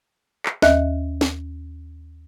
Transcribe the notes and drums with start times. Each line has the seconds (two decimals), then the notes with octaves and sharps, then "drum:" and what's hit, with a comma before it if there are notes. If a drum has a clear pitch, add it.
0.46 drum: clap
0.62 D#2 D#5 E5 F#6, drum: snare
1.21 drum: snare